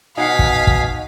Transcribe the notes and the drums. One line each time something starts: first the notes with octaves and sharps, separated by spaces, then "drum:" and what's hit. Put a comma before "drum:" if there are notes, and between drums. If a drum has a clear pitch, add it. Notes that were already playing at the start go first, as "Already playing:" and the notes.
B2 D#4 F5 F#5 G#5 D#6 B6 C7
drum: kick
drum: kick